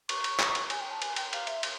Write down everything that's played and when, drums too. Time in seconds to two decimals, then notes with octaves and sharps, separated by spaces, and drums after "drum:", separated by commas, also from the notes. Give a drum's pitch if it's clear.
0.09 C#6, drum: cymbal
0.24 drum: cymbal
0.40 drum: clap
0.55 drum: cymbal
0.70 G#5, drum: cymbal
0.81 G5
0.91 A5
1.02 G#5, drum: cymbal
1.16 G5, drum: cymbal
1.33 F5, drum: cymbal
1.47 E5, drum: cymbal
1.63 drum: cymbal